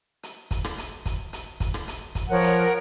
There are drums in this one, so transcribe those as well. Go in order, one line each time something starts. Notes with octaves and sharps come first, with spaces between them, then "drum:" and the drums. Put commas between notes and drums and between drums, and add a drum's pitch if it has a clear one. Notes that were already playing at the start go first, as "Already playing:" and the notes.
drum: hi-hat
drum: kick, hi-hat
drum: rim click
drum: hi-hat
drum: kick, hi-hat
drum: hi-hat
drum: kick, hi-hat
drum: rim click
drum: hi-hat
drum: kick, hi-hat
F3 A#4 C#5 F#5
drum: hi-hat